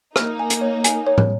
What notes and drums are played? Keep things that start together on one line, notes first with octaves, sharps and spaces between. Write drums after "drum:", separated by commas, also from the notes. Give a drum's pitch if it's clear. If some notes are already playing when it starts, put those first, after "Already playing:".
A#3 D#4 F6, drum: rim click
G#5
drum: hi-hat
C#5
G#5, drum: hi-hat
C#5
drum: tom